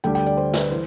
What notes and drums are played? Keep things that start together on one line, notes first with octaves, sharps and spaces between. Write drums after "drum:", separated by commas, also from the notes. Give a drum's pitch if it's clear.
D2 D3 G3 G5
G5
D5
C5
B4, drum: snare
E3 C5